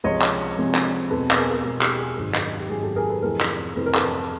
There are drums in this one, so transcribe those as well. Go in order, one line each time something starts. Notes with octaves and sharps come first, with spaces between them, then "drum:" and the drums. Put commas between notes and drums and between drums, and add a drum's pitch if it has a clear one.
C#2 C3 F3 G#3 C4 C#5 D#5
drum: clap
C#2 C3 F3 G#3 C4
drum: clap
E2 B2 G#3 C4 A4 B4
B4, drum: clap
G#4 A#4
G#4 A#4
E2 B2 G#3 C4 G#4
G4, drum: clap
G#4
G#1 F#2 D#3 G#4
drum: clap
G4
G#1 F#2 D#3 G#4
G4 A4
G#4 A#4
A4 B4
F2 C3 E3 A3 C4 G#4 A#4
drum: clap
F2 C3 E3 A3 C4 B4
A#4
A4 B4, drum: clap